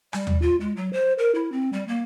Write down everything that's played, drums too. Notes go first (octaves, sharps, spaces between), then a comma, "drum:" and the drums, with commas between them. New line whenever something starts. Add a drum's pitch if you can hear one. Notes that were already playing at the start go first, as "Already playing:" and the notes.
G3, drum: rim click
drum: tom D#2
F4
G#3
F#3
C5
A#4
E4
C4
G3
A#3